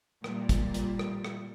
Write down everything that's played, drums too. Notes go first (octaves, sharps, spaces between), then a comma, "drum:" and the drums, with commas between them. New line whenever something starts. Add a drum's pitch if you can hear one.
A#2 G3, drum: rim click
drum: kick, hi-hat
drum: hi-hat
drum: rim click
drum: rim click